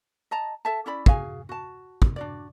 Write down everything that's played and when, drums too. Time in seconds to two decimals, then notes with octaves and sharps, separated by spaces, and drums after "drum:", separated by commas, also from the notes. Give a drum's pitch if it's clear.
0.31 D#5 A5 A#5
0.65 A4 E5 A5
0.86 C#4 E4 D5 B5
1.06 F#4 G#4 F5 G#5, drum: kick
1.49 F#4 A5
2.02 drum: kick
2.16 D4 F#4 D5